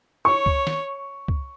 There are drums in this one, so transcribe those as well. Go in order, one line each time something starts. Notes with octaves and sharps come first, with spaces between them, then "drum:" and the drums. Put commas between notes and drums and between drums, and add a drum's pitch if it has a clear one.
C#5 C#6
drum: kick
drum: snare D#3
drum: kick